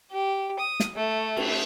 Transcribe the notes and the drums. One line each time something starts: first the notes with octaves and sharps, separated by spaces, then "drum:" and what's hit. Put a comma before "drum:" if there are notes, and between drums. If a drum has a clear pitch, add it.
G4
D#6
drum: snare
A3
drum: cymbal